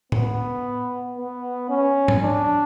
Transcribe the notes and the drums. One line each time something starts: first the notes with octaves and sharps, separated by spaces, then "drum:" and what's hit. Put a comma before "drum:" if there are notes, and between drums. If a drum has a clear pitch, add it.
B3, drum: tom A2
B3
C#4
drum: tom G#2
D4